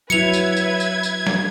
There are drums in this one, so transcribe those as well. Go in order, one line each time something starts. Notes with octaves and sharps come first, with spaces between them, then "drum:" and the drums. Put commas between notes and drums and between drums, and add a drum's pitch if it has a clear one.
F#3 E4 B4 E5 G#6 C#7 F7, drum: tambourine
drum: tambourine
drum: tambourine
drum: tambourine
drum: tambourine
drum: snare